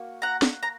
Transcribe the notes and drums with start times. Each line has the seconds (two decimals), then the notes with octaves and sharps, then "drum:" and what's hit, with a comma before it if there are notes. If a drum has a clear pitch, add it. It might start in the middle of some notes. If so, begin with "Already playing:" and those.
Already playing: A#3 F#4
0.22 F#5 A#5
0.42 drum: snare
0.63 A#5